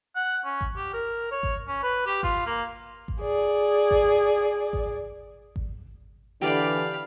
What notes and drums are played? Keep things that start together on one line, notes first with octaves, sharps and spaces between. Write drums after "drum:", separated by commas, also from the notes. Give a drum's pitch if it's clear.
F#5
C#4
drum: kick G#1
G4
A#4
C#5
drum: kick G#1
C#4
B4
G4
F4, drum: kick G#1
A#3
drum: kick G#1
G#4 D5
drum: kick G#1
drum: kick G#1
drum: kick G#1
D3 E3 G4 D5 F5 G5 B5